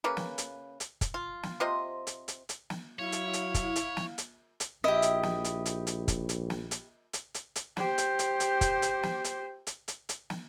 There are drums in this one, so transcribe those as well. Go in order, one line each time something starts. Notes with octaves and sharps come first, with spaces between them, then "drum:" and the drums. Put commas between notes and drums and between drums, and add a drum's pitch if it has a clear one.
C#3 A#3 B4
drum: snare
drum: hi-hat
drum: hi-hat
drum: kick, hi-hat
F4
drum: snare
C3 F4 C5 D#5
drum: hi-hat
drum: hi-hat
drum: hi-hat
drum: snare
F#3 E4 C#5 F5
drum: hi-hat
drum: hi-hat
drum: kick, hi-hat
drum: hi-hat
drum: snare
drum: hi-hat
drum: hi-hat
A#1 E4 G4 D#5
drum: hi-hat
drum: snare
drum: hi-hat
drum: hi-hat
drum: hi-hat
drum: kick, hi-hat
drum: hi-hat
drum: snare
drum: hi-hat
drum: hi-hat
drum: hi-hat
drum: hi-hat
G4 C5, drum: snare
drum: hi-hat
drum: hi-hat
drum: hi-hat
drum: kick, hi-hat
drum: hi-hat
drum: snare
drum: hi-hat
drum: hi-hat
drum: hi-hat
drum: hi-hat
drum: snare